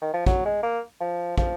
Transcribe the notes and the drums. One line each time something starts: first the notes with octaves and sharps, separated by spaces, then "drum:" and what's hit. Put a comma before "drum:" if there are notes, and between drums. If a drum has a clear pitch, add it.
D#3
F3
F#3, drum: kick
G#3
A#3
F3
F3, drum: kick